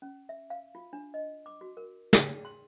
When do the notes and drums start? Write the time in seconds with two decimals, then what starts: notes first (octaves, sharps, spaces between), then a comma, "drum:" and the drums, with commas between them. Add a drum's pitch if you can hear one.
0.02 C#4
0.29 E5
0.50 F5
0.75 F4
0.93 D4
1.14 D#5
1.46 D6
1.61 F#4
1.77 A#4
2.13 G#4, drum: snare
2.45 C6